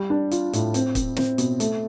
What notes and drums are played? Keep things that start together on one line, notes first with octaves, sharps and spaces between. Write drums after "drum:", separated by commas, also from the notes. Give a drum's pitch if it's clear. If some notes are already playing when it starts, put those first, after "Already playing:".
Already playing: G3
D4
F4, drum: hi-hat
A2, drum: hi-hat
C4, drum: hi-hat
C4, drum: kick, hi-hat
C4, drum: snare
B2, drum: hi-hat
A3, drum: hi-hat